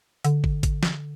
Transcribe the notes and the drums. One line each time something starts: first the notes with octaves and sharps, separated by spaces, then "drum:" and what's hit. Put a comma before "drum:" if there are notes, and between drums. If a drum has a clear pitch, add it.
D3, drum: hi-hat
drum: kick
drum: kick, hi-hat
drum: snare